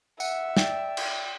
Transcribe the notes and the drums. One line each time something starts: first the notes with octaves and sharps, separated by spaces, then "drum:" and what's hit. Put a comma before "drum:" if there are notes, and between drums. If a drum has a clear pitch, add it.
E5 F#5, drum: tambourine
D5 G5, drum: snare
drum: cymbal